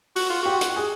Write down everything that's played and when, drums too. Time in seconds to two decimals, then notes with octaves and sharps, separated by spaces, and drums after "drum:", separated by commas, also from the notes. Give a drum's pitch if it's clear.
0.16 F#4, drum: open hi-hat
0.30 F4
0.43 F#4 G4
0.61 drum: hi-hat
0.76 G#4